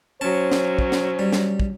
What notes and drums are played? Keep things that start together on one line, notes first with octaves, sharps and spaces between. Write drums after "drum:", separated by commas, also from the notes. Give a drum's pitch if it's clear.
F#3 C#4 C5 A5
drum: snare
drum: kick
drum: snare
G3
drum: snare
drum: kick